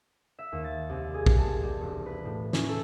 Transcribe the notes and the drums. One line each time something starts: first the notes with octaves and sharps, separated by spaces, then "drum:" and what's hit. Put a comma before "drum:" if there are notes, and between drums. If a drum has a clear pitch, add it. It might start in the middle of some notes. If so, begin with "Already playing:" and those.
E5
D#2
A6
C2
G#4
drum: kick
A5
G3
E1
B4
A2
C#4, drum: snare
A4